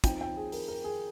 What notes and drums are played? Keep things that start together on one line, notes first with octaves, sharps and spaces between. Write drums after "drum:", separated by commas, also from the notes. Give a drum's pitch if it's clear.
F3 C4 D#4 G5, drum: kick, hi-hat
G5
G#4
A#4, drum: open hi-hat
A#4
G#4